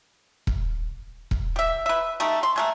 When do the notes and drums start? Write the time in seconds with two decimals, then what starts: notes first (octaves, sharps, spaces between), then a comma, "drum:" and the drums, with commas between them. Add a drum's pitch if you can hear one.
0.47 drum: kick E1
1.31 drum: kick E1
1.56 G4 E5
1.86 B4 E5
2.20 A3 D#4 G4
2.43 C6
2.56 G#3 A3 A#4